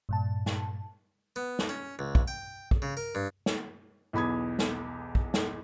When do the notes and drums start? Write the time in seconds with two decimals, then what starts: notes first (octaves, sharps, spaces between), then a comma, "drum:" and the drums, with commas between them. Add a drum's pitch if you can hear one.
0.09 G2 A#2 A5
0.46 drum: snare
1.36 B3
1.59 drum: snare
1.69 C#4
1.99 C#2
2.15 drum: kick
2.28 G5
2.71 drum: kick
2.82 C#3
2.97 A#4
3.15 G2
3.46 drum: snare
4.13 B1 E2 B5 D#6 G#6
4.59 drum: snare
5.15 drum: kick
5.34 drum: snare